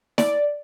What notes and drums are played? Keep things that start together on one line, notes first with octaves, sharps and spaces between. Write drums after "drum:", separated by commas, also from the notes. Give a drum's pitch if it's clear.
D5, drum: snare